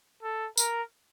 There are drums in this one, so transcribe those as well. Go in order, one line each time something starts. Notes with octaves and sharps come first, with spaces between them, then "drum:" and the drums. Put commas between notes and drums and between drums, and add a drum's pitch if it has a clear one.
A4
A#4, drum: tambourine